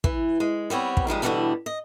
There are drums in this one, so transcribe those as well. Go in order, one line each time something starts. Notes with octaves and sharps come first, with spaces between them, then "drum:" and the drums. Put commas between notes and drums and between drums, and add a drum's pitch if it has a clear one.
E3, drum: kick
G#3
G3 B3 C4 C#5
drum: kick
D#3 F3 G3 G#3
B2 D3 E3 F3 G3 D4
D#5